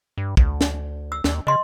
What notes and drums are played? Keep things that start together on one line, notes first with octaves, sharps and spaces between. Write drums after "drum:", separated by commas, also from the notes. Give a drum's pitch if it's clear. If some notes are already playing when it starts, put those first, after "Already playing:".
G2
D2, drum: kick
drum: snare
E6
D#2, drum: snare
C#3 D#5 C6